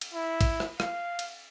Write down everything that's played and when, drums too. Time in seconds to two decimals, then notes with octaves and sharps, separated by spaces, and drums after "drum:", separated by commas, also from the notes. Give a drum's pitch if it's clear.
0.01 drum: cymbal
0.14 E4
0.41 drum: kick, cymbal
0.60 drum: rim click
0.80 F5, drum: rim click
1.19 drum: cymbal